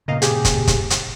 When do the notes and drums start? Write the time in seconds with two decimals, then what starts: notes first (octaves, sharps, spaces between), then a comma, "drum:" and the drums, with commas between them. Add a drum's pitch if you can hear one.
0.08 G2 A#2 C#3 A#4 D#5 F5
0.22 G4 G#4, drum: hi-hat
0.45 drum: kick, hi-hat
0.67 drum: kick, hi-hat
0.90 drum: hi-hat